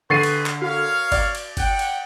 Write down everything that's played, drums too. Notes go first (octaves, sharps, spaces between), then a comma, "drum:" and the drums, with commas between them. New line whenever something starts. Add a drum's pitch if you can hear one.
D3 G4 G#4 B4 C#6 A6 C7 D#7
drum: cymbal
drum: clap
F#4 A#4 C#5 F5
D5, drum: kick G1, cymbal
drum: cymbal
F#5 G5, drum: kick G1, cymbal
drum: cymbal